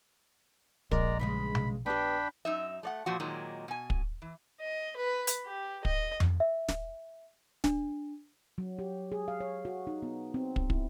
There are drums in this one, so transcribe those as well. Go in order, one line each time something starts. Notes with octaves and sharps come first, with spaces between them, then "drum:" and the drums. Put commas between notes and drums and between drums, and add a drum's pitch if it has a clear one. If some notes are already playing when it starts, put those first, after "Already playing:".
A#1 G#3 A#4 D5 A#5, drum: kick
G2 C#3 G#3 B5
drum: tom B2
B3 D4 G4 G5 B5
F#2 D#4 E5
A3 D5 F#5
A#2 F3 F#4
A#2 D#3 F#3 G#3
B2 G#5
drum: kick
E3
D#5
B4
drum: hi-hat
G4
D#5, drum: kick
drum: tom F2
E5
drum: snare
D4, drum: snare
F#3
G4
G#4
F5
C#5
F#4
D#4
B3
C4
drum: kick
E4, drum: kick